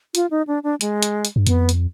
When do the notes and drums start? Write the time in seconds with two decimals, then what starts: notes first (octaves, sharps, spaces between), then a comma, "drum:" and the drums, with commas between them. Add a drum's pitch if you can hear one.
0.15 F4, drum: hi-hat
0.31 D#4
0.47 D4
0.63 D4
0.81 G#3, drum: hi-hat
1.03 drum: hi-hat
1.25 drum: hi-hat
1.36 G2
1.47 F2 B3, drum: hi-hat
1.69 drum: hi-hat